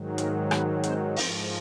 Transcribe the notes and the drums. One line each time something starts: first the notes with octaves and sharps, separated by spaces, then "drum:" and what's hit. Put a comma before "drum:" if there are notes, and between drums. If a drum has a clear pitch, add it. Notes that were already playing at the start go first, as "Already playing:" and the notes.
Already playing: G#2 D#3 F#3
A#3 A#4, drum: hi-hat
B3 B4, drum: rim click
C4 C5, drum: hi-hat
G#2 F3 C4 C5, drum: open hi-hat